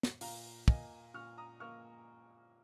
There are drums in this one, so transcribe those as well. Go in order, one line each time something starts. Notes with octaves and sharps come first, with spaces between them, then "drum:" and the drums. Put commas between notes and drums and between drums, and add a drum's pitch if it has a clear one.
drum: snare
A#2 F5 A#5, drum: open hi-hat
A#3 D#5 G#5, drum: kick
A#2 C#6 F6
A#5 D#6
A#3 C#6 F6